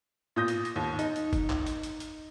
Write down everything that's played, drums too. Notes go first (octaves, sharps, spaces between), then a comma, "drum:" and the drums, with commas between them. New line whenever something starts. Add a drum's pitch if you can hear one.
A#2 D#6 G6 A#6
drum: hi-hat
drum: hi-hat
D#2
D#4, drum: hi-hat
drum: hi-hat
drum: kick, hi-hat
drum: clap
drum: hi-hat
drum: hi-hat
drum: hi-hat